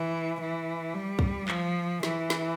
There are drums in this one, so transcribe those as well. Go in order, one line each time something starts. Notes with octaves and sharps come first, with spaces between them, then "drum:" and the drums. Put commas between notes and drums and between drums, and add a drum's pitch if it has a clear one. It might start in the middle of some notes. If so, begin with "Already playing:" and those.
Already playing: E3
E3
G3
drum: kick
F3, drum: clap
E3, drum: snare
drum: snare